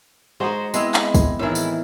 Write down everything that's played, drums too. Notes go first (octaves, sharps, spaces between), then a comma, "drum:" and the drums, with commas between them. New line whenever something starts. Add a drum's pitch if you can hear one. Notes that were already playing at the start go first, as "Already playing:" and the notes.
G#3 D#4 F#4 C5 D#5
G#3 B3 C4 E4, drum: tambourine
drum: clap
drum: kick, tambourine
A2 D#3 E3 E4 G#4
drum: tambourine